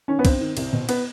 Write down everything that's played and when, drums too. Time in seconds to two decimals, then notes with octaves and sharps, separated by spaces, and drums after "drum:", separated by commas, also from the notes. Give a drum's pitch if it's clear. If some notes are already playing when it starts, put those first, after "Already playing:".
0.08 D#3 C#4
0.19 B3
0.25 G2 C4, drum: kick C2, cymbal
0.41 D#3
0.57 C2, drum: cymbal
0.73 B2
0.89 B3, drum: cymbal